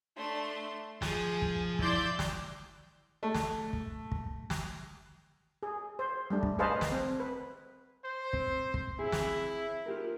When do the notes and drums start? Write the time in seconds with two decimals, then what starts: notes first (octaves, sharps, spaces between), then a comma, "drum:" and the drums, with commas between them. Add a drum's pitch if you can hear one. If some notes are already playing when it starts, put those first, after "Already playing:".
0.17 A3 D4 C6
1.02 F3 G#4, drum: snare
1.42 drum: kick
1.79 E4 D5 C6 E6 G6, drum: kick
2.19 drum: snare
3.23 A3
3.35 drum: snare
3.73 drum: kick
4.12 drum: kick
4.50 drum: snare
5.63 G#4
5.99 C5
6.30 G3 A3 D4
6.43 drum: kick
6.59 G#4 B4 C5 D#5 F5 A5
6.81 drum: snare
6.92 C4
7.20 B4
8.04 C5
8.33 C4, drum: kick
8.74 drum: kick
8.99 C4 E4 G#4
9.12 drum: snare
9.86 F4 G4 A#4